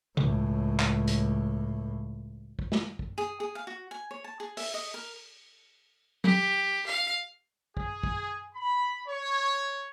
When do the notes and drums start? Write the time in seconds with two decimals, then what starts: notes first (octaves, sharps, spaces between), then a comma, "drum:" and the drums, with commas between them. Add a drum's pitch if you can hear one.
0.17 C#2 A2, drum: tom B2
0.79 drum: clap
1.07 drum: hi-hat
2.59 drum: kick
2.72 drum: snare
2.99 drum: kick
3.18 G#4
3.40 G#4
3.55 F5
3.67 F#4
3.91 G#5
4.11 C#5
4.24 A5
4.40 G#4
4.57 E5, drum: open hi-hat
4.74 D#5
4.94 A#4
6.24 G4, drum: tom F#3
6.87 F5
7.77 G#4, drum: kick
8.04 drum: kick
8.54 B5
9.08 C#5